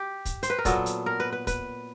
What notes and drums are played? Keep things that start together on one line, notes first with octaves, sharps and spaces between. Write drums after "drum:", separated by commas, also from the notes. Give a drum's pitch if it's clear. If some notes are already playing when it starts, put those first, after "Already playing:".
Already playing: G4
drum: kick, hi-hat
C5, drum: hi-hat
B4
A#4
A#2 F#3 B3 A4, drum: kick, hi-hat
drum: hi-hat
A#4
B4
B4
B4, drum: kick, hi-hat